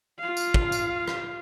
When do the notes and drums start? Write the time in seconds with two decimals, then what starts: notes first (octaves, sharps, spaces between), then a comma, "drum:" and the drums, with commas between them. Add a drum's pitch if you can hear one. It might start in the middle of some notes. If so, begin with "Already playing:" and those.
0.19 F4 F5
0.37 drum: tambourine
0.54 drum: kick
0.72 drum: tambourine
1.08 drum: rim click